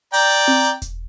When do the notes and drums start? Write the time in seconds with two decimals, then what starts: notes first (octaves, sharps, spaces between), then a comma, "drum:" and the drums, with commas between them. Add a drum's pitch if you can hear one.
0.13 D5 G5 A#5, drum: hi-hat
0.31 drum: hi-hat
0.48 drum: tom C4
0.65 drum: hi-hat
0.82 drum: kick E1, hi-hat